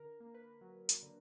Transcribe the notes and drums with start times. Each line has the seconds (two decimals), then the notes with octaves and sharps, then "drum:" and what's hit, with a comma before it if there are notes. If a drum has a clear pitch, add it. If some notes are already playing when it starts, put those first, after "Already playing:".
Already playing: D3 A#4
0.20 A#3
0.34 B4
0.61 F#3
0.89 drum: hi-hat
1.03 D3